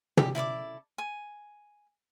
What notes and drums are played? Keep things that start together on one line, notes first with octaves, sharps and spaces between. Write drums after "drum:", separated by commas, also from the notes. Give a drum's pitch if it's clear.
G4, drum: tom
E4 A4 D5 D6
G#5